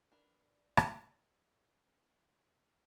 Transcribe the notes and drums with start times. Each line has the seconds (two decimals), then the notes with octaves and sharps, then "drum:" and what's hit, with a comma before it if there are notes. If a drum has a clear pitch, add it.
0.12 D4 A#4 B4
0.77 drum: rim click